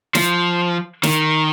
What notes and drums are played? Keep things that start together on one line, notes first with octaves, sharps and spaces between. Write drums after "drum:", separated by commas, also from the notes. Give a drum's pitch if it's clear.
F3, drum: snare
D#3, drum: snare